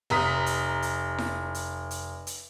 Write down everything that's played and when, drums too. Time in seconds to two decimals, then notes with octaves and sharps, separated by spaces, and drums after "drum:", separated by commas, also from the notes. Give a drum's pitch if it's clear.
0.10 F1 A#5 D#6 B6
0.46 drum: hi-hat
0.82 drum: hi-hat
1.18 drum: snare E4
1.55 drum: hi-hat
1.91 drum: hi-hat
2.27 drum: hi-hat